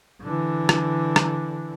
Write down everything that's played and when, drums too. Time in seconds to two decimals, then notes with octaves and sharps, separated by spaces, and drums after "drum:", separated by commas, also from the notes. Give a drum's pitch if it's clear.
0.22 D3 E3
0.69 drum: rim click
1.16 drum: rim click